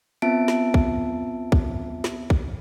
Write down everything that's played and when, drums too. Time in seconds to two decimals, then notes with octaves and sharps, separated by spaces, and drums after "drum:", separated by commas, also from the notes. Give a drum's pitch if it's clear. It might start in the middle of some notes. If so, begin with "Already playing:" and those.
0.22 B3 C4 F4 E5 A5 D7
0.48 drum: snare
0.74 drum: kick
1.52 drum: kick
2.04 drum: snare
2.30 drum: kick